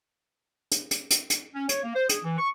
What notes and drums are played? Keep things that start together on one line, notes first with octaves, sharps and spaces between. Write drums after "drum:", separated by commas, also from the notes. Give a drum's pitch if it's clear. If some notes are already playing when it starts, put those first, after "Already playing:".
drum: hi-hat
drum: hi-hat
drum: hi-hat
drum: hi-hat
C#4
C#5, drum: hi-hat
A#3
C5
G#4, drum: hi-hat
E3
C#6